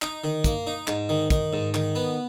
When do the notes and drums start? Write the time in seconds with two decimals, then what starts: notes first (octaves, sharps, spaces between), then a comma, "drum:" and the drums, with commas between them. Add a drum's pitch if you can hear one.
0.02 D#4, drum: clap
0.24 D#3
0.44 A#3, drum: kick, hi-hat
0.67 D#4
0.87 G#2, drum: clap
1.09 D#3
1.30 D#3, drum: kick, hi-hat
1.53 G#2
1.74 D#3, drum: clap
1.95 B3